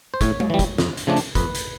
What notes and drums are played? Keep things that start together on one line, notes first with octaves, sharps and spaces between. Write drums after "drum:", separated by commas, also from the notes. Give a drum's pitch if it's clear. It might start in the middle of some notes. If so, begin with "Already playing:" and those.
C5
A2 C#5, drum: kick, hi-hat
drum: tom G#3
E3 G3
drum: kick, hi-hat
F2, drum: snare
drum: hi-hat
C#3 F3 A3 D4
drum: hi-hat
F2 B4, drum: kick, hi-hat
drum: hi-hat